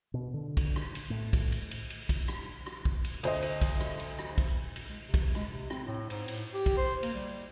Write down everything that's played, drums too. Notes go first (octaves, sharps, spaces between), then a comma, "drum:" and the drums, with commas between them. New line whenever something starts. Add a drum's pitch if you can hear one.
B2
D3
drum: kick, cymbal
drum: rim click
drum: cymbal
A2
drum: kick, cymbal
drum: cymbal
drum: cymbal
drum: cymbal
drum: kick, cymbal
drum: rim click
drum: rim click
drum: kick
drum: cymbal
D2 C5 D#5, drum: cymbal
drum: cymbal
drum: kick, cymbal
drum: rim click
drum: cymbal
drum: rim click
drum: kick, cymbal
drum: cymbal
G#3
C3
drum: kick, cymbal
G#3, drum: rim click
C3
C4, drum: rim click
A2
G#2, drum: cymbal
A2, drum: cymbal
G4
drum: kick, cymbal
C5
A#3, drum: cymbal
G3